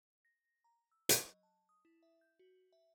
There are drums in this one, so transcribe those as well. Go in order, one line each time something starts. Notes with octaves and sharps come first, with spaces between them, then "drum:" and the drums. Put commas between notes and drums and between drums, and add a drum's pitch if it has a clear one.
A#6
A#5
E6
F#3, drum: hi-hat
D#5
A5
D#6
E4
E5
G6
F#4
E5